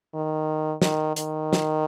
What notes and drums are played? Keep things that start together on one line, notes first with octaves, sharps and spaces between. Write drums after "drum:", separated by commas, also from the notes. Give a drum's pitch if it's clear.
D#3
D#3, drum: snare
D#3, drum: hi-hat
drum: snare